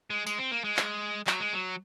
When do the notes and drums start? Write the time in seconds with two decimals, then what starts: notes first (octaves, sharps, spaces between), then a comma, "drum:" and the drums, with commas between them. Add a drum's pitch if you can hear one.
0.10 G#3
0.26 G#3, drum: tambourine
0.38 C4
0.51 A#3
0.64 G#3
0.77 drum: clap
1.27 F#3, drum: clap
1.40 G#3
1.54 F#3